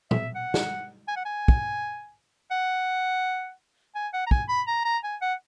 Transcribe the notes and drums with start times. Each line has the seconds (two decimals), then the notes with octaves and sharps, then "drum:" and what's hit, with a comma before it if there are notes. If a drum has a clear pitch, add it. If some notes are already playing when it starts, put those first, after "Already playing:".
0.11 E5, drum: tom A#2
0.35 F#5
0.54 drum: snare
1.08 G#5
1.16 F#5
1.25 G#5
1.48 drum: kick
2.51 F#5
3.95 G#5
4.13 F#5
4.26 A#5
4.31 G#5, drum: kick
4.49 B5
4.67 A#5
4.85 A#5
5.04 G#5
5.21 F#5